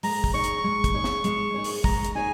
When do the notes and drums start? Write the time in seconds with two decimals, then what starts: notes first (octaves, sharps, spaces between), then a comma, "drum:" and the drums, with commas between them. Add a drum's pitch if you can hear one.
0.03 G#3 A#5, drum: open hi-hat
0.24 drum: kick
0.34 D#4 G#4 C#5 C#6
0.44 drum: hi-hat
0.64 G#3
0.84 drum: kick, hi-hat
0.94 D#4 G#4 C#5
1.04 drum: snare
1.24 G#3, drum: hi-hat
1.54 D#4 G#4 C#5
1.64 drum: open hi-hat
1.84 G#3 A#5, drum: kick
2.05 drum: hi-hat
2.15 D#4 G#4 C#5 G#5